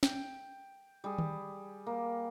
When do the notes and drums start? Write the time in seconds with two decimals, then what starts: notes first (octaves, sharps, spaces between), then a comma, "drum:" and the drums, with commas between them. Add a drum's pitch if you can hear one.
0.03 G5, drum: snare
1.04 G3 G#4
1.18 drum: tom D#3
1.86 A#3